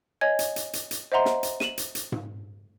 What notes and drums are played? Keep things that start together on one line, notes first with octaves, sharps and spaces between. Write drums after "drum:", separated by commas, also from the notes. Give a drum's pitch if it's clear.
C#5 D#5 G#5 G#6
drum: hi-hat
drum: hi-hat
drum: hi-hat
drum: hi-hat
C5 D#5 E5 F#5 A#5 C6
drum: snare
drum: hi-hat
D#7 E7 F#7, drum: snare
drum: hi-hat
drum: hi-hat
drum: tom G#2